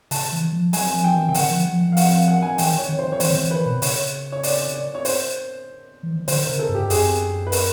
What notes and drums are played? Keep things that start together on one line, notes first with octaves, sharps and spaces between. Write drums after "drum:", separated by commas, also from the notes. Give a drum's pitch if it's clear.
C#3 A5, drum: open hi-hat
E3
F3
F#3 G#5, drum: open hi-hat
F3
G5
E3
C#3 G5
D3 F#5, drum: open hi-hat
F3
F3
F3
F5
F#5, drum: open hi-hat
F5
F#5
G#5
E3 G5, drum: open hi-hat
D#3
C#5
D#3
C5
D#3
C#5
E3 C5, drum: open hi-hat
D#3
E3
E3 B4
B2
C#3 C#5, drum: open hi-hat
C#5
D5, drum: open hi-hat
D5
C#5
C5, drum: open hi-hat
E3
D#3
D3 C5, drum: open hi-hat
A#4
C#3
A4
G2
G4
F#2 G#4, drum: open hi-hat
B4
A#4, drum: open hi-hat